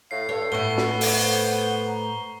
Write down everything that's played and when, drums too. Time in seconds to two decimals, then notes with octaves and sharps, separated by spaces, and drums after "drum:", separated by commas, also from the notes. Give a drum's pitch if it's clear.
0.11 A2 F5 C7
0.29 G2 A4 C#5
0.52 A2 B3 E4 C#6 C7 G7
0.77 drum: snare
1.01 drum: open hi-hat
1.19 C5 G7
1.86 A#5